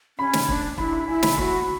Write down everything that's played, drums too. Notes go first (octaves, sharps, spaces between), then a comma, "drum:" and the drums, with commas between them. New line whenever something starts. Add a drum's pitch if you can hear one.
C#4 B5
drum: snare
D4, drum: kick
E4 B5, drum: kick
B5
E4 G#5
B5, drum: snare
F#4 B5, drum: kick